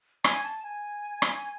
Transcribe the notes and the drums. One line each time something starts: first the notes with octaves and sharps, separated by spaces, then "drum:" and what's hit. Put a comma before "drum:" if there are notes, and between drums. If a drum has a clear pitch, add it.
G#5, drum: rim click
A5
G#5
drum: rim click